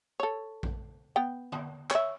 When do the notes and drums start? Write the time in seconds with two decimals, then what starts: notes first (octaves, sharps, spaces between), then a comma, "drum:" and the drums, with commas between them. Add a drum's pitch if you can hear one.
0.20 A4 C#5
0.63 drum: kick A#1
1.16 B3 G5
1.52 drum: tom
1.91 C#5 E5, drum: clap